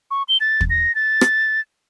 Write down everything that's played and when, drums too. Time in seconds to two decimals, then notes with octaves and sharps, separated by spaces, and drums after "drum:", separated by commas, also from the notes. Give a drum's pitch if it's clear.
0.11 C#6
0.28 G7
0.41 A6
0.61 drum: kick
0.70 A#6
0.95 A6
1.21 drum: rim click